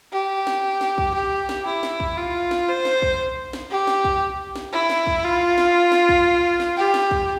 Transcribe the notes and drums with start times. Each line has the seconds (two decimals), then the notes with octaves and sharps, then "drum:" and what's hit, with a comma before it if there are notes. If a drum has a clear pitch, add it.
0.13 G4
0.47 drum: snare
0.81 drum: snare
0.98 drum: kick
1.15 G4
1.49 drum: snare
1.66 E4
1.83 drum: snare
2.00 drum: kick
2.18 F4
2.51 drum: snare
2.68 C5
2.85 drum: snare
3.02 drum: kick
3.53 drum: snare
3.71 G4
3.87 drum: snare
4.04 drum: kick
4.56 drum: snare
4.72 E4
4.90 drum: snare
5.07 drum: kick
5.24 F4
5.58 drum: snare
5.92 drum: snare
6.09 drum: kick
6.60 drum: snare
6.77 G4
6.94 drum: snare
7.11 drum: kick